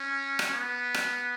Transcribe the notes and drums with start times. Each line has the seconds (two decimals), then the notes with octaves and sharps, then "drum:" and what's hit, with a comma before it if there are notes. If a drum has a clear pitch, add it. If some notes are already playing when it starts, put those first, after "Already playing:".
Already playing: C#4
0.39 drum: rim click
0.53 B3
0.94 drum: rim click